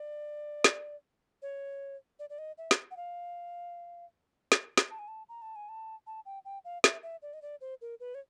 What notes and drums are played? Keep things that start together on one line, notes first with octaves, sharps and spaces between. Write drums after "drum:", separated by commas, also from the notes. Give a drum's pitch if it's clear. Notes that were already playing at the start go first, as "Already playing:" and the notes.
Already playing: D5
drum: snare
C#5
D5
D5
D#5
E5
drum: snare
F#5
F5
drum: snare
drum: snare
A5
G#5
A5
A#5
A5
G#5
A5
A5
G5
G5
F5
E5, drum: snare
E5
D5
D#5
D5
C5
A#4
B4
C#5